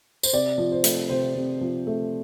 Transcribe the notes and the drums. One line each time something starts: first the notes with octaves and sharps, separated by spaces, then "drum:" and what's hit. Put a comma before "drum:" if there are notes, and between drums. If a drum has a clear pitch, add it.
C5, drum: tambourine
C3 D5
F3
C5
A3, drum: hi-hat
C3 C5
C3
F3
A3